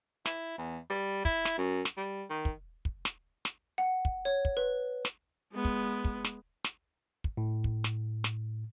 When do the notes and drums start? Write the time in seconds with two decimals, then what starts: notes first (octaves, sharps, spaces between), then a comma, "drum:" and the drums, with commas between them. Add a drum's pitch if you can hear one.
0.25 E4, drum: snare
0.58 E2
0.90 G3
1.25 E4, drum: kick
1.45 drum: snare
1.58 F#2
1.85 drum: snare
1.97 G3
2.30 D#3
2.45 drum: kick
2.85 drum: kick
3.05 drum: snare
3.45 drum: snare
3.78 F#5
4.05 drum: kick
4.25 C#5
4.45 drum: kick
4.57 B4
5.05 drum: snare
5.53 G#3 B3
5.65 drum: kick
6.05 drum: kick
6.24 drum: snare
6.64 drum: snare
7.24 drum: kick
7.37 A2
7.64 drum: kick
7.84 drum: snare
8.24 drum: snare